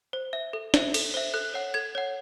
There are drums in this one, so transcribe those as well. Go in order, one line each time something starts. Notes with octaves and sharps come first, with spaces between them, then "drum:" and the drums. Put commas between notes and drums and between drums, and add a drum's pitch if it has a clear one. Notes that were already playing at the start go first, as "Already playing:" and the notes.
C5
E5
A4
C5 E5, drum: snare
A4, drum: cymbal
C5 E5
A4 F#6
C#5 F#5
A4 G#6
C#5 F#5